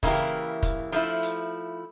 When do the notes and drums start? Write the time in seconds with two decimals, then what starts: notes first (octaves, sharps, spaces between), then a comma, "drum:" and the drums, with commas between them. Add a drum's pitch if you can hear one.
0.03 C#3 E3 A#3 E4 G4, drum: kick, hi-hat
0.63 drum: kick, hi-hat
0.92 F3 A3 E4
1.23 drum: hi-hat